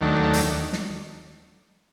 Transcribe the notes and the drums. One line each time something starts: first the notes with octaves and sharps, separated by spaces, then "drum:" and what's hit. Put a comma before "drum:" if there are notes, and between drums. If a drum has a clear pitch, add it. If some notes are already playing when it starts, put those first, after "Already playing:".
D#2 D#3 F#3 A3 D4
drum: hi-hat
drum: snare